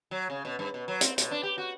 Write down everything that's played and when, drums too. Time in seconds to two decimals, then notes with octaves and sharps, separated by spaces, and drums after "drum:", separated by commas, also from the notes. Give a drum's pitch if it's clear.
0.11 F#3
0.30 C#3
0.45 B2
0.59 G2
0.74 B2
0.88 F#3
1.01 C4, drum: hi-hat
1.18 B2, drum: hi-hat
1.31 D4
1.43 G4
1.58 F#4